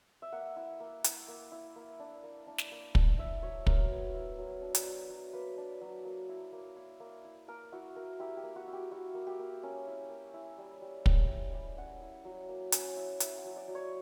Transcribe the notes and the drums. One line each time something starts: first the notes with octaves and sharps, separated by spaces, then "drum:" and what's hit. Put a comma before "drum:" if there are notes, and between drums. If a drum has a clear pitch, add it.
E5
A#3 F#5
E4
A#3
E4, drum: hi-hat
A#3
E4
A#3
D4
A#3
D4
drum: snare
A#3
D4, drum: kick
E4 E5
F#3 C#5
F#3 A#4, drum: kick
B3
E4
F#3
D4
drum: hi-hat
F#3
F#3
A#3 B4
D4
F#3
A#3
E4
A#3
E4
A#3
E4
A#3 A#4
E4 F#4
A#3 A#4
E4 G4
G4
A#3
F#4
E4
G4
E4 F#4
A#3
G4
A#3
C#4 A#4
E4
A#3
E4
G3
G3
C#4 G5, drum: kick
E4
G3
C#4 F#5
E4
F#3
A#3
C#4, drum: hi-hat
E4
E4, drum: hi-hat
F#5
F#3
D5
F#3
C#5